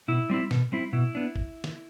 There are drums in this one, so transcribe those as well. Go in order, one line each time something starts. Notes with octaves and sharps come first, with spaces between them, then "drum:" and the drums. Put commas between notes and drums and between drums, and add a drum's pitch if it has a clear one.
B2 E4
G3 C4 E4
B2, drum: snare
G3 C4 E4
B2 E4
B3 D4
drum: kick
drum: snare